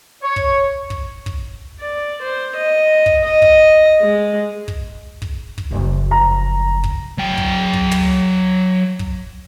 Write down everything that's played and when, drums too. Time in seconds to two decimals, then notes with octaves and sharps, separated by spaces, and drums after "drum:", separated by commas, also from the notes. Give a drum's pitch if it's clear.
0.22 C#5
0.36 drum: kick
0.90 drum: kick
1.26 drum: kick
1.80 D5
2.22 C5
2.56 D#5
3.06 drum: kick
3.24 D#5
3.42 drum: kick
4.01 G#3
4.68 drum: kick
5.22 drum: kick
5.58 drum: kick
5.71 F#1 F2
6.11 A#5
6.84 drum: kick
7.18 F#3 G5
7.37 drum: kick
7.73 drum: kick
7.91 drum: tom
8.99 drum: kick